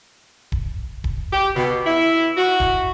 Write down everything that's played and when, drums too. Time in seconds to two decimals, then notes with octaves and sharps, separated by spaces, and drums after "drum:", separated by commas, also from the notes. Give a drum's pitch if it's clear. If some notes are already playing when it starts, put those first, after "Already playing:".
0.52 drum: kick D#1
1.04 drum: kick D#1
1.33 G4
1.56 B2, drum: snare
1.86 E4
2.37 F#4
2.60 drum: kick D#1